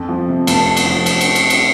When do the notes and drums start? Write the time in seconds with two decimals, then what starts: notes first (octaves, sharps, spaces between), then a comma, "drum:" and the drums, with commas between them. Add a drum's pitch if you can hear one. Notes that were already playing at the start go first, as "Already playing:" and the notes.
Already playing: F2
0.09 F3
0.28 C3
0.47 F1 A5, drum: cymbal
0.67 F2
0.77 drum: cymbal
0.86 F3
1.06 drum: cymbal
1.21 drum: cymbal
1.35 drum: cymbal
1.50 drum: cymbal